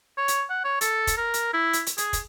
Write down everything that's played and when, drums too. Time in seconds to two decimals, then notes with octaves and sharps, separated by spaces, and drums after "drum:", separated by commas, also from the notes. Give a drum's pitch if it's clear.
0.18 C#5
0.28 drum: hi-hat
0.50 F#5
0.64 C#5
0.81 A4, drum: hi-hat
1.07 drum: kick, hi-hat
1.17 A#4
1.34 drum: hi-hat
1.53 E4
1.73 drum: hi-hat
1.86 drum: hi-hat
1.98 G#4, drum: hi-hat
2.13 drum: kick, hi-hat